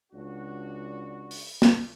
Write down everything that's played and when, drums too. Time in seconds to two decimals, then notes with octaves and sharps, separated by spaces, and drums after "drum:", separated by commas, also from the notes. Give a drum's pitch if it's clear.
0.12 C#2 D4 F#4
1.31 drum: open hi-hat
1.62 drum: snare